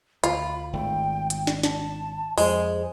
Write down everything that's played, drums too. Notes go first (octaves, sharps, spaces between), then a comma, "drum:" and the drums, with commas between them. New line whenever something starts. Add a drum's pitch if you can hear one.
D2 F4 B5, drum: hi-hat
G#1 A3 G5
drum: hi-hat
drum: snare
A5, drum: snare
F2 G#3 C5, drum: open hi-hat